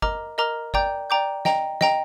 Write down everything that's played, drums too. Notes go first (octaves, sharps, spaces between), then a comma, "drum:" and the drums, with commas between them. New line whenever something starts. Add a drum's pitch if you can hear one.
A#4 D#5 A#5 D6 F6, drum: kick
A#4 D#5 A#5 D6 F6
D5 G5 A#5 D6 G6, drum: kick
D5 G5 A#5 D6 G6
D#5 G5 A#5, drum: snare
D#5 G5 A#5, drum: snare